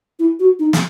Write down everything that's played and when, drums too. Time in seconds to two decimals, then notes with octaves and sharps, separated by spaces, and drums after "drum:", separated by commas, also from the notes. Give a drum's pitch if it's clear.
0.19 E4
0.40 F#4
0.59 D#4
0.73 drum: snare